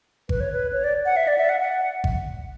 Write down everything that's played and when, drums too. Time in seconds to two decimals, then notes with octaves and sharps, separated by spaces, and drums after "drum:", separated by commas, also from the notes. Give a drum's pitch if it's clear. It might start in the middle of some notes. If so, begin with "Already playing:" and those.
0.29 B4, drum: kick G#1
0.40 C#5
0.53 B4
0.73 C#5
0.84 D5
1.05 F#5
1.17 E5
1.28 D5
1.38 E5
1.49 F#5
1.60 F#5
2.04 drum: kick G#1